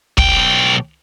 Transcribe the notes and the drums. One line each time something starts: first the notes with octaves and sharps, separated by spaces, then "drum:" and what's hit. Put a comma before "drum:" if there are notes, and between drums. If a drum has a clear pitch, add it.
B1 G5, drum: kick